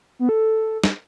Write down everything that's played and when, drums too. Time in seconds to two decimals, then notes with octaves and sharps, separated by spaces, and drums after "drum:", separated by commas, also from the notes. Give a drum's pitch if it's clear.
0.19 B3
0.29 A4
0.84 drum: snare